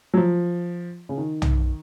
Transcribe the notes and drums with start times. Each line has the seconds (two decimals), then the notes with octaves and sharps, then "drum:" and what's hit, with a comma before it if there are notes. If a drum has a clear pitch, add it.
0.14 F#3
0.17 F3
1.09 C#3
1.18 D#3
1.42 drum: tom